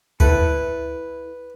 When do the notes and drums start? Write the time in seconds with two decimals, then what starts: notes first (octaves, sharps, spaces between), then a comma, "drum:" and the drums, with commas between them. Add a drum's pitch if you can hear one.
0.20 E4 A4 B4, drum: kick D2